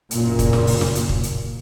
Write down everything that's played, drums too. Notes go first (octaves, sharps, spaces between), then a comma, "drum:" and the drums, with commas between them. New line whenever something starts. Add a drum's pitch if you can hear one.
F#1 A#2, drum: hi-hat
drum: kick, hi-hat
drum: snare
drum: open hi-hat
drum: snare
drum: hi-hat
drum: kick
drum: hi-hat